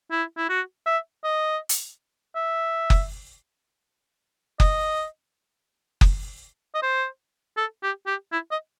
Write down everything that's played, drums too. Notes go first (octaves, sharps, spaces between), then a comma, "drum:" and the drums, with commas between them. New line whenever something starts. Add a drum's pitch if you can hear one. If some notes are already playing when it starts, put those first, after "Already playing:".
E4
E4
F#4
E5
D#5
drum: hi-hat
E5
drum: kick F#1
D#5, drum: kick F#1
drum: kick F#1
D#5
C5
A4
G4
G4
E4
D#5